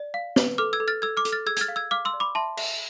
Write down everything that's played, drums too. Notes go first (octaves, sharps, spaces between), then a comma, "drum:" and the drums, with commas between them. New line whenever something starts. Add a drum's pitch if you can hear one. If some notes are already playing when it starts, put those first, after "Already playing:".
Already playing: D5
F5
B4, drum: snare
A4 D6 F6
E6 G#6
A4
F6 A6
A4 E6 G#6
D6 F6
A4, drum: hi-hat
F6 A6
G#4 E6 G#6
G#6, drum: hi-hat
F6 A6
F5
E6 G#6
F5 D6 F6
C6 E6
D5
B5 D6
E5 A5 C6
E5, drum: cymbal